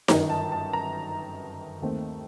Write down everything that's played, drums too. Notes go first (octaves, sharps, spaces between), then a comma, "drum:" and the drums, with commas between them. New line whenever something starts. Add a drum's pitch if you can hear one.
G1 F#2 D#3 A#5, drum: snare D#4
A5
A5
A#5
D#2 D#3 A3 C4